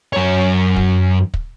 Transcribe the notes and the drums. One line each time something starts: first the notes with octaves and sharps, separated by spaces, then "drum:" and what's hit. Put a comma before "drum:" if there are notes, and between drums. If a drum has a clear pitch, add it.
F#2 C#5
drum: kick
drum: kick